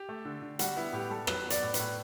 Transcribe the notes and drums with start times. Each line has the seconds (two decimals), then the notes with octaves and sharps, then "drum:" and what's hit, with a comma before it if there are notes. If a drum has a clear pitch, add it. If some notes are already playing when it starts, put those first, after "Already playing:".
Already playing: G4
0.09 A3
0.25 D3
0.42 D3
0.59 G3 F#4, drum: hi-hat
0.77 B3 E4
0.93 A2 G4
1.10 G3 A4
1.27 F#3 B4, drum: rim click
1.45 B3
1.50 D5, drum: hi-hat
1.62 A2
1.74 B4, drum: hi-hat
1.79 A2